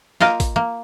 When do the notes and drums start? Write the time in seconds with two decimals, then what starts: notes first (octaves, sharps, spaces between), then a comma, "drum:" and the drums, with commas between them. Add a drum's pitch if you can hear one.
0.20 A#3 F4 A#4 D#5 F5 G5, drum: snare
0.40 drum: kick, open hi-hat
0.56 A#3